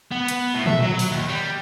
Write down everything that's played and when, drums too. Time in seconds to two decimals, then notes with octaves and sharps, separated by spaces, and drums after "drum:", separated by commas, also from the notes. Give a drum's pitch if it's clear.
0.11 B3
0.28 drum: hi-hat
0.54 A2
0.66 E5, drum: tom
0.81 F#3
0.99 drum: open hi-hat
1.11 D#2
1.28 G3